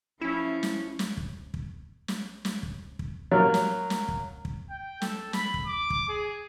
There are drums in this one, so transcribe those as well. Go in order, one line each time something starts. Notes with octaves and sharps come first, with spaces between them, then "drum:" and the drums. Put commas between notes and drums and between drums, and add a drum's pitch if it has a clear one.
F3 C#4 E4
drum: snare
drum: snare
drum: kick
drum: kick
drum: snare
drum: snare
drum: kick
drum: kick
F#3 A#3 A#4
drum: snare
drum: snare
drum: kick
drum: kick
G5
A4, drum: snare
B5, drum: snare
drum: kick
D6
drum: kick
G#4